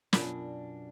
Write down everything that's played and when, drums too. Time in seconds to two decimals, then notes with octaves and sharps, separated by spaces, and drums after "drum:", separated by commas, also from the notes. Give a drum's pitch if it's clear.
0.13 F#2 B2 D4 F4 A#4 D5, drum: snare